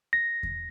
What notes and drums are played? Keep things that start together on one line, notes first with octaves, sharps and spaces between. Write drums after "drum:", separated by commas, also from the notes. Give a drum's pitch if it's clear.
A#6
drum: kick E2